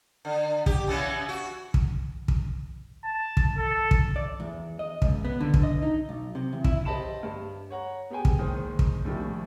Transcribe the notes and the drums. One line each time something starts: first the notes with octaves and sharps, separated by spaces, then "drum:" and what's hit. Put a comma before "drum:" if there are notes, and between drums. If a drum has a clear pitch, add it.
D3
G4, drum: kick
C#3 E3 B3
F#4
drum: kick
drum: kick
A5
drum: kick
A4
drum: kick
D5
E2
D#5
C#2, drum: kick
B3
D3
drum: kick
D#5
D#4
B1
C3
E2
E4, drum: kick
G4 C5 D#5 A5 B5 E7
G2
C#5 F#5 A#5
B3 G4 G#4 G5 G#5
drum: kick
F#1 D#3 G#3 C5 D#6
drum: kick
A#1 A2 C3 D#3 F3 G3